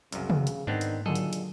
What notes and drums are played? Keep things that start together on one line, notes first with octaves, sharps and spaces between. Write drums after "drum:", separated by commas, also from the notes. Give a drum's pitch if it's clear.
C2 F#2 C#3, drum: hi-hat
drum: tom
drum: hi-hat
G#2 D#3 B3 C4 D4
drum: hi-hat
A#2 D3 D#3 F#3 G#4 A4 D#5
drum: hi-hat
drum: hi-hat